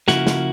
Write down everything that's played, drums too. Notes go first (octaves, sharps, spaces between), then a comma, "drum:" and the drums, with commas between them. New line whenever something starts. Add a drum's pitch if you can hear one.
C#3 F3 A#3 E4 F#4, drum: snare
drum: snare